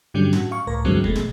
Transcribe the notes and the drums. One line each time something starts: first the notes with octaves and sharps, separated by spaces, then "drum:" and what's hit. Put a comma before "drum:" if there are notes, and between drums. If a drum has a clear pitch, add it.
G2 D3 F#3 G3 C#4
A2 F#4, drum: snare
F5 C#6
C#2 A2 A#4
E2 G2 D3 F#3 G#3 C4
B2 G#3 A3, drum: kick
drum: snare